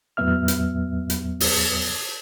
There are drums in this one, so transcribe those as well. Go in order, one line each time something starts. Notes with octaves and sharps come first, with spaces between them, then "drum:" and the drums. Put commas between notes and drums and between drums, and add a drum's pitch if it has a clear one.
E2 A2 F#3 B3 E5 F6
drum: hi-hat
drum: hi-hat
drum: open hi-hat